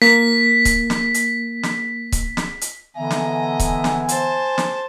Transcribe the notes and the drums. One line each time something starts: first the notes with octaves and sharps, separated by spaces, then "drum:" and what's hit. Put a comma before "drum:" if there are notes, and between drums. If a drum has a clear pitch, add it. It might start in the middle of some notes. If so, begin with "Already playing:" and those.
A#3 B6
drum: kick C#1, hi-hat
drum: snare
drum: hi-hat
drum: snare
drum: kick C#1, hi-hat
drum: snare
drum: hi-hat
D3 E3 B3 D#5 E5 G#5 A#5
drum: snare
drum: kick C#1, hi-hat
drum: snare
C5 A5, drum: hi-hat
drum: snare